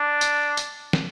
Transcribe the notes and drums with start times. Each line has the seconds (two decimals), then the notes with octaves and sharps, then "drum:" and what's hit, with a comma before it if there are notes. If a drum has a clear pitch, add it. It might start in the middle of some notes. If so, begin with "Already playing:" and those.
Already playing: D4
0.21 drum: tambourine
0.57 drum: tambourine
0.93 drum: snare